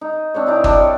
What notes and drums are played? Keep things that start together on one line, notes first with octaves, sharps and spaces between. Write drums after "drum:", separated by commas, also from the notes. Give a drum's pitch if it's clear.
D#4
C4 D4 C5 C#5
E3 D4 D#4 D6
G3 D4, drum: kick
C#5